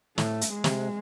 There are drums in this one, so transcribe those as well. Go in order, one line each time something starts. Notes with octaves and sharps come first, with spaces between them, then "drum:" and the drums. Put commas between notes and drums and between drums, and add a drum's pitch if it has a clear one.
A2 A3, drum: snare
drum: hi-hat
G#3
C3, drum: snare